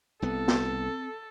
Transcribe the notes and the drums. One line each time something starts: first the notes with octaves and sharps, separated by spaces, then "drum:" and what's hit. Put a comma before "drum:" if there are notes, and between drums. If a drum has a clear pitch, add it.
C2 B3 C4 A4
drum: snare